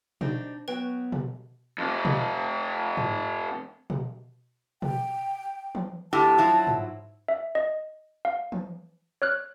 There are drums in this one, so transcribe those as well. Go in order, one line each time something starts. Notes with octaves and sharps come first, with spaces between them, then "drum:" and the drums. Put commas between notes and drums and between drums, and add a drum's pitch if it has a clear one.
C4 D4 D#4, drum: tom B2
F#3 B3 B4 G5
drum: tom B2
F2 C3
drum: tom B2
drum: tom G#2
drum: tom B2
G5, drum: tom B2
drum: tom E3
A2 D3 G4 A5
F3 F#3 E4
drum: tom G#2
E5
D#5
F5
drum: tom E3
C#5 F6 F#6